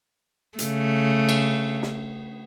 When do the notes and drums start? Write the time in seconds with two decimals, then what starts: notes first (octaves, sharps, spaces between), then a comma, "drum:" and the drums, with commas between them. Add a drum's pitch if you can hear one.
0.59 C#3 A3, drum: hi-hat
1.29 drum: cymbal
1.83 drum: snare